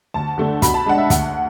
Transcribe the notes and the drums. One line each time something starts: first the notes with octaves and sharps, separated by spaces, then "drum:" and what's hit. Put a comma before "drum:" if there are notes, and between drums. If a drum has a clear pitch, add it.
D2 A5
D3 A3 D4
B2 B5, drum: kick, hi-hat
A5
G#3 D4 F#5
E5
D2 F#5, drum: kick, hi-hat